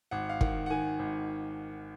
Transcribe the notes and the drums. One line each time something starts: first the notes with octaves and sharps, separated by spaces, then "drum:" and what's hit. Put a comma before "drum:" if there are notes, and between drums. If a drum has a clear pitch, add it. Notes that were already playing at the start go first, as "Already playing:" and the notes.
G#1 F#5
F5
D#3 F#5, drum: kick
F#5
D#3 G#5
G#1